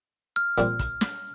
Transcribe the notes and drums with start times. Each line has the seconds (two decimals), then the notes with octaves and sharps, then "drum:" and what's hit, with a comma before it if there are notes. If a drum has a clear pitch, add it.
0.36 F6
0.58 A#2 G3 C4, drum: hi-hat
0.79 drum: kick, hi-hat
1.01 drum: snare